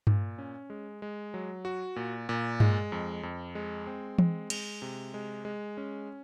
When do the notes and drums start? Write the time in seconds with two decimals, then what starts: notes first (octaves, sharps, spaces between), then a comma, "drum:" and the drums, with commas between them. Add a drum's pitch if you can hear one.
0.07 A#2, drum: tom G2
0.38 C#4
0.70 G#3
1.02 G#3
1.34 F#3
1.65 F#4
1.96 A#2
2.29 A#2
2.60 G#3, drum: tom G2
2.92 F2
3.23 F2
3.55 G#3
3.87 C4
4.18 G#3, drum: tom E3
4.50 G#3, drum: cymbal
4.82 C3
5.14 G#3
5.45 G#3
5.77 C#4